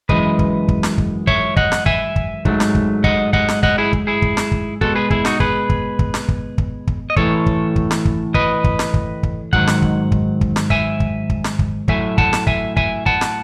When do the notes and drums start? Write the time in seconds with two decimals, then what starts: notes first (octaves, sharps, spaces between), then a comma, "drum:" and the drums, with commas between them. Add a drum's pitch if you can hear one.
0.09 F#2 E3 G#3 B4 D#5, drum: kick
0.39 drum: kick
0.68 drum: kick
0.83 drum: snare
0.98 drum: kick
1.27 C#5 E5, drum: kick
1.57 D#5 F#5, drum: kick
1.72 drum: snare
1.86 E5 G#5, drum: kick
2.16 drum: kick
2.45 G#2 F#3 A3, drum: kick
2.60 drum: snare
2.75 drum: kick
3.04 D#5 F#5, drum: kick
3.33 D#5 F#5, drum: kick
3.48 drum: snare
3.63 D#5 F#5, drum: kick
3.78 E4 G#4
3.93 drum: kick
4.07 E4 G#4
4.22 drum: kick
4.37 drum: snare
4.52 drum: kick
4.81 B2 G#3 F#4 A4, drum: kick
4.95 G#4 B4
5.10 E4 G#4, drum: kick
5.25 D#4 F#4, drum: snare
5.40 G#4 B4, drum: kick
5.70 drum: kick
5.99 drum: kick
6.14 drum: snare
6.28 drum: kick
6.58 drum: kick
6.87 drum: kick
7.10 D#5
7.16 A2 E3 A3 A4 C#5, drum: kick
7.46 drum: kick
7.76 drum: kick
7.91 drum: snare
8.05 drum: kick
8.34 B4 D#5, drum: kick
8.64 drum: kick
8.79 drum: snare
8.94 drum: kick
9.23 drum: kick
9.53 G#2 D#3 F#3 F#5, drum: kick
9.67 drum: snare
9.82 drum: kick
10.12 drum: kick
10.41 drum: kick
10.56 drum: snare
10.70 E5 G#5, drum: kick
11.00 drum: kick
11.30 drum: kick
11.44 drum: snare
11.59 drum: kick
11.88 A2 F#3 A3 E5 G#5, drum: kick
12.18 F#5 A5, drum: kick
12.33 drum: snare
12.47 E5 G#5, drum: kick
12.77 E5 G#5, drum: kick
13.06 F#5 A5, drum: kick
13.21 drum: snare